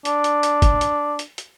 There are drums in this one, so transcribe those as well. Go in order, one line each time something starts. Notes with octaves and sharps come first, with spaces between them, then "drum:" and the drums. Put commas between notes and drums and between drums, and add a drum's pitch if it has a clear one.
D4, drum: hi-hat
drum: hi-hat
drum: hi-hat
drum: kick, hi-hat
drum: hi-hat
drum: hi-hat
drum: hi-hat